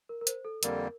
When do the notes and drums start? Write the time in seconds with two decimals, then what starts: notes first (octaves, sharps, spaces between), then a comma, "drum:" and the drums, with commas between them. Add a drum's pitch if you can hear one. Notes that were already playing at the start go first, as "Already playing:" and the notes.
0.09 A#4
0.21 A#4
0.27 C5, drum: hi-hat
0.45 A4
0.63 F2 D3 G3 A#3 A#4, drum: hi-hat